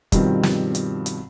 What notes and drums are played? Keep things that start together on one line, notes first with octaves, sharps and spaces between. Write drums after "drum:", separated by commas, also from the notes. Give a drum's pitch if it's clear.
G2 B2 D#3 F3 C4, drum: kick, hi-hat
drum: snare
drum: hi-hat
drum: hi-hat